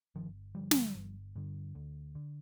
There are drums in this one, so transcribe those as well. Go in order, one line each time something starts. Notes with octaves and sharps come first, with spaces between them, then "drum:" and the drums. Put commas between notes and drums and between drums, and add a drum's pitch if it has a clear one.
G1 D#3 F3
G2 D3 F3 G3
drum: snare
G1
G2 D3
D2
D3